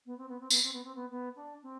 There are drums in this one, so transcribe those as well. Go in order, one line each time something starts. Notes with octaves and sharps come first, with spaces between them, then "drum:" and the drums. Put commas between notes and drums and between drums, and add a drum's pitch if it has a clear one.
B3
C4
B3
C4
B3, drum: tambourine
C4
B3
C4
B3
B3
D4
C4